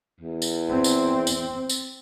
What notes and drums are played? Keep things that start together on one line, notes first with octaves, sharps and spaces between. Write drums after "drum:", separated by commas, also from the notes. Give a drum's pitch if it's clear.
E2
drum: tambourine
C4
drum: tambourine
drum: tambourine
drum: tambourine